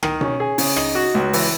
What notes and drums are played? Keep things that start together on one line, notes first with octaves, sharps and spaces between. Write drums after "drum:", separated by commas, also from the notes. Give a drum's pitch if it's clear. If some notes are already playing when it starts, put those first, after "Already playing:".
D#3, drum: rim click
C#4, drum: tom B2
G#4
C#3, drum: open hi-hat
D#4, drum: rim click
F#4
C#2
E3, drum: open hi-hat